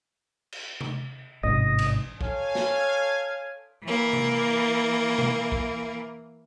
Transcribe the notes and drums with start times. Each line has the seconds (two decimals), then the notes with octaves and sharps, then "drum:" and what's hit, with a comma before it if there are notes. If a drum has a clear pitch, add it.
0.52 drum: cymbal
0.81 drum: tom C3
1.43 A1 G#2 C3 D#5
1.79 drum: cymbal
2.21 A4 C#5 F5 G#5, drum: kick
2.55 drum: snare
3.83 E3 A#3
4.13 drum: tom C3
5.18 drum: tom B2
5.52 drum: kick